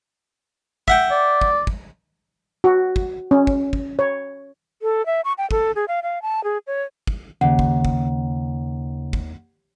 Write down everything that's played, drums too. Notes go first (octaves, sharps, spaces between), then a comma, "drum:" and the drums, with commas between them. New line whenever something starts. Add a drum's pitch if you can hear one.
E5 F#5 G5, drum: kick
D5
drum: kick
drum: kick
F#4
drum: kick
C#4
drum: kick
drum: kick
C#5
A4
E5
C#6
G5
A4, drum: kick
G#4
F5
F5
A5
G#4
C#5
drum: kick
D#2 C#3 F#5
drum: kick
drum: kick
drum: kick